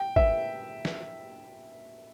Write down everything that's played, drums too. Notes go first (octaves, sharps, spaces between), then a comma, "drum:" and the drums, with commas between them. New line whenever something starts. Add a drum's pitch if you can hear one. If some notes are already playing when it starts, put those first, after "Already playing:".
Already playing: G5
E5, drum: kick
drum: snare